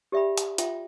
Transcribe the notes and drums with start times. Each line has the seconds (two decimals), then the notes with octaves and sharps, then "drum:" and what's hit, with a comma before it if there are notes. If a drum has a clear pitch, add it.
0.12 G4 D5 E5 G5 B5
0.38 drum: hi-hat
0.58 F4 E5 G5, drum: hi-hat